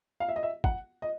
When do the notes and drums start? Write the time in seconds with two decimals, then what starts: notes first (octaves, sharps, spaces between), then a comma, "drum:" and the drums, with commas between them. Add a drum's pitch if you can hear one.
0.20 F5
0.29 E5
0.36 D#5
0.43 E5
0.64 F#5, drum: kick
1.02 D#5